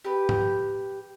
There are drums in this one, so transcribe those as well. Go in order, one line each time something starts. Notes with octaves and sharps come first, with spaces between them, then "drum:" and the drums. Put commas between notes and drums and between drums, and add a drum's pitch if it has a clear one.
G4 B4
drum: tom G#2